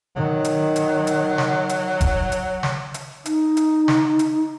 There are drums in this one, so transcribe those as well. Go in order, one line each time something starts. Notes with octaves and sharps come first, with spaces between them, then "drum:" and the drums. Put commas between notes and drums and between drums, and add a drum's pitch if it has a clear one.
D#3 F#3
drum: hi-hat
drum: hi-hat
drum: hi-hat
drum: snare
drum: hi-hat
drum: kick F1, hi-hat
drum: hi-hat
drum: snare
drum: hi-hat
D#4, drum: hi-hat
drum: hi-hat
drum: snare
drum: hi-hat